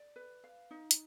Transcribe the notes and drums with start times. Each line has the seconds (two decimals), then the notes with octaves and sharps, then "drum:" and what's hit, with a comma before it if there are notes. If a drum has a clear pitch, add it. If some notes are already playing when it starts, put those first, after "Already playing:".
Already playing: D5
0.16 B4
0.44 F5
0.71 D#4
0.91 drum: hi-hat